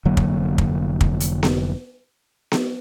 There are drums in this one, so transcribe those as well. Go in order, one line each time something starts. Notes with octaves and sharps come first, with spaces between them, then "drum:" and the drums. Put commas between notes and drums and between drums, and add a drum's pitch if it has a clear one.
F1 D3 F#3 A#3
drum: kick
drum: kick
drum: kick
drum: hi-hat
drum: snare B3
drum: snare B3